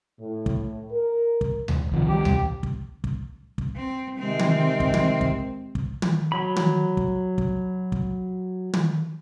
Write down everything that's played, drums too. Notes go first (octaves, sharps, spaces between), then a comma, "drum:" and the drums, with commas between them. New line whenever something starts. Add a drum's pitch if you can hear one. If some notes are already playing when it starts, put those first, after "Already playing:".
A2
drum: kick
A#4
drum: kick
drum: tom D2
C2 D#3 F3
D#3 G3 G4
C2, drum: tom D2
drum: kick
drum: kick
drum: kick
C4
C3 D#3 G#3 C4
drum: tom
drum: kick
drum: tom
drum: kick
drum: kick
drum: tom
F#3 B5
drum: tom
drum: kick
drum: kick
drum: kick
drum: tom